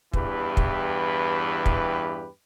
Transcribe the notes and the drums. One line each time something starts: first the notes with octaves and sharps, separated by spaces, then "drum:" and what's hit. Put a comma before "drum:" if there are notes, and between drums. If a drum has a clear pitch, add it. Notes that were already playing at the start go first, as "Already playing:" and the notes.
E2 G2 E3 G4 B4, drum: kick
drum: kick
drum: kick